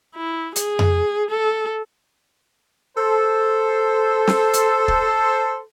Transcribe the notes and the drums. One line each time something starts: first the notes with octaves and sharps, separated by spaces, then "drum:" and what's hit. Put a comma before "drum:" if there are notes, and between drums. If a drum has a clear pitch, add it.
E4
G#4, drum: hi-hat
drum: tom F2
A4
A4 C5
drum: snare
drum: hi-hat
drum: kick